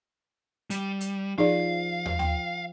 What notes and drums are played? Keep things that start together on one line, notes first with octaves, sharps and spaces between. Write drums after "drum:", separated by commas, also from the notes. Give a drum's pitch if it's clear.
G3, drum: hi-hat
drum: hi-hat
F3 D#4 G#4 D5 F5
drum: tom D#2
G5, drum: snare B3